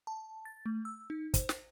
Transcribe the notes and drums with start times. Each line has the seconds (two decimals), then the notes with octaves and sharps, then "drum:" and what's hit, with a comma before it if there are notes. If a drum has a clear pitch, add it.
0.07 A5
0.45 A6
0.66 A3
0.85 E6
1.10 D#4
1.34 C5, drum: kick, hi-hat
1.49 drum: snare